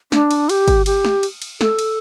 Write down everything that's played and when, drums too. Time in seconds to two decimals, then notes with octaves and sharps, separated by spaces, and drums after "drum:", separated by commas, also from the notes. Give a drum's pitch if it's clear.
0.12 D4, drum: snare
0.31 drum: cymbal
0.49 G4, drum: cymbal
0.68 drum: kick, cymbal
0.86 G4, drum: cymbal
1.05 drum: snare
1.23 drum: cymbal
1.42 drum: cymbal
1.61 A4, drum: snare
1.79 drum: cymbal